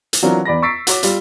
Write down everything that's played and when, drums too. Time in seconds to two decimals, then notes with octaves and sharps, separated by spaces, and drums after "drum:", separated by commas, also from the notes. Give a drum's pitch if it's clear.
0.13 drum: hi-hat
0.22 E3 F#3 C4 D4 F4 A#4
0.45 E2 D5 B5 A#6
0.62 C#6 E6 A6 B6 C7 D7
0.87 F#4 C#5 D6, drum: hi-hat
1.03 G3 F4, drum: hi-hat